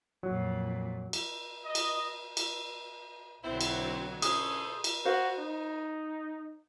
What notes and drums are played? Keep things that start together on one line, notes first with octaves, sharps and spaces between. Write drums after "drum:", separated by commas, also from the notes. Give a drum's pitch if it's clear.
F2 A#2 F#3
drum: cymbal
D#5
drum: cymbal
drum: cymbal
B1 D3 F#3 C4 E4 C5
drum: cymbal
C#4 E4 G#4 A4 C5 D#6, drum: cymbal
drum: cymbal
F#4 C5 F5
D#4